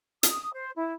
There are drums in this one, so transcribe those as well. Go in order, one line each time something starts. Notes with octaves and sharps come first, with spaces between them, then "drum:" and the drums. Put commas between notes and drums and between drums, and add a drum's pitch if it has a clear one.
D#6, drum: hi-hat
C5
E4